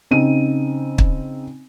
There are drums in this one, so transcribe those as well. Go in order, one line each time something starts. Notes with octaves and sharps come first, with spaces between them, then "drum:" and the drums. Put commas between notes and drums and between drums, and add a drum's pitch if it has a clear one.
C#3 C4 D#4 D#7
drum: kick